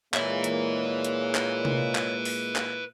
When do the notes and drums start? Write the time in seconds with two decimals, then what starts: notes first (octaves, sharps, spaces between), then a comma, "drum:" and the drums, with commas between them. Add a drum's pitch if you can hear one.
0.14 A#2 G#3 A#3 B4 C#5 E5, drum: clap
0.44 drum: hi-hat
1.05 drum: hi-hat
1.35 drum: clap
1.65 drum: tom C3
1.95 drum: clap
2.25 drum: open hi-hat
2.56 drum: clap